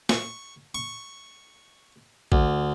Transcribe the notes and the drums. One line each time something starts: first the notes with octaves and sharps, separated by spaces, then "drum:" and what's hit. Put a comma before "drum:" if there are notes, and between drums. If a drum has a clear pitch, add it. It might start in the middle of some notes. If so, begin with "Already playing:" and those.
C#6, drum: snare
C#6
D2, drum: kick A1